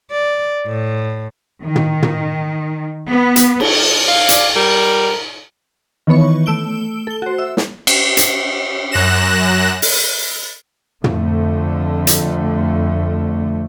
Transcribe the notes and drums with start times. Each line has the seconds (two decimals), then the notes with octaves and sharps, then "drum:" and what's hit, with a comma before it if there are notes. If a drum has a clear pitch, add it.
0.11 D5
0.66 A2
1.63 D#3
1.76 drum: tom
2.03 drum: tom
3.09 B3
3.36 drum: hi-hat
3.60 drum: cymbal
4.08 F5
4.29 D5, drum: hi-hat
4.56 G3 A#4
6.07 D#3 E3 B3 C#5 C#6
6.46 A3 E6 D7 G7
7.07 A4 G7
7.22 F#4 C5
7.38 E5 E6
7.57 drum: snare
7.87 drum: cymbal
8.17 drum: hi-hat
8.92 F#2 F#6 A#6 E7
9.82 drum: open hi-hat
11.04 F2 D3 A3, drum: tom
12.07 drum: hi-hat